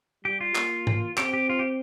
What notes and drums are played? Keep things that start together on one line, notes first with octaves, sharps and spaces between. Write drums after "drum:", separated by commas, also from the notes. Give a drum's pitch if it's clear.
G3 G4
F4
A#3, drum: clap
drum: tom G#2
C4 G4, drum: clap
G4
F4
G4